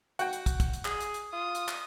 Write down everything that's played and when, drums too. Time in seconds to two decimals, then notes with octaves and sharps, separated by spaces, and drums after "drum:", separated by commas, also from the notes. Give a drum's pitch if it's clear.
0.19 F#4 G5, drum: hi-hat
0.33 drum: hi-hat
0.46 drum: kick, hi-hat
0.60 drum: kick, hi-hat
0.73 drum: hi-hat
0.85 G#4, drum: clap
1.01 drum: hi-hat
1.14 drum: hi-hat
1.33 F4 D#6
1.55 drum: hi-hat
1.68 drum: clap